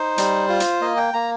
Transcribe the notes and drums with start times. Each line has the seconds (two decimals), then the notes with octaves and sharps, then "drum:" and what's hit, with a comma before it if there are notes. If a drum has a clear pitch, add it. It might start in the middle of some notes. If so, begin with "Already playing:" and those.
Already playing: D#4 C5
0.18 G3, drum: hi-hat
0.49 F4
0.60 drum: hi-hat
0.81 A#3 D#5
0.97 G5
1.14 A#3 A#5